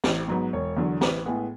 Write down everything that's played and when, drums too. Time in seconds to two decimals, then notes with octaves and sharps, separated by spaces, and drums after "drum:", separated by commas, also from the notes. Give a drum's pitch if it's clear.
0.04 A1, drum: snare
0.28 G#2 F#3 B3
0.53 E1 C#5
0.77 E2 D3 F#3
1.01 A1 B4, drum: snare
1.26 A2 G#3 B3 G#4